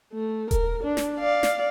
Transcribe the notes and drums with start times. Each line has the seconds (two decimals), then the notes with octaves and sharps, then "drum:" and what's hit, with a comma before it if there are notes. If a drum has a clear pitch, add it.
0.13 A3
0.51 A#4, drum: kick D#1, hi-hat
0.83 D4
0.97 drum: snare
1.19 D5 F5
1.43 drum: snare